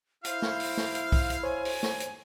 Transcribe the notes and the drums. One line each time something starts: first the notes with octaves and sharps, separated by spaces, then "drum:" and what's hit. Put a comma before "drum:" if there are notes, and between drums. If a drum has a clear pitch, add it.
E4 C5 F5, drum: hi-hat
drum: snare
drum: open hi-hat
drum: snare
drum: hi-hat
drum: kick B1, open hi-hat
drum: hi-hat
C5 C#5 G#5
drum: open hi-hat
drum: snare
drum: hi-hat